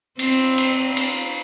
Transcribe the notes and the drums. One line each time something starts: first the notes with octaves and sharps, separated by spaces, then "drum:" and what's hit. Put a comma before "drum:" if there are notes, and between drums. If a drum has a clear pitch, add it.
C4, drum: cymbal
drum: cymbal
drum: cymbal